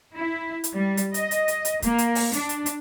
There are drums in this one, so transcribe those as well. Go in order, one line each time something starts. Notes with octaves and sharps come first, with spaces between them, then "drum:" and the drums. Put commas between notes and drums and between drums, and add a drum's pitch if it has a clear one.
E4
drum: hi-hat
G3
drum: hi-hat
D#5, drum: hi-hat
drum: hi-hat
drum: hi-hat
drum: hi-hat
A#3, drum: kick, hi-hat
drum: hi-hat
drum: open hi-hat
D4, drum: hi-hat
drum: hi-hat
drum: hi-hat